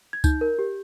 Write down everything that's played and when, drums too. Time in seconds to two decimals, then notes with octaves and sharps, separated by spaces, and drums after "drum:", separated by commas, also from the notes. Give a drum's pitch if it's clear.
0.13 G#6
0.24 D#4 G6, drum: kick, tambourine
0.41 A#4
0.59 G4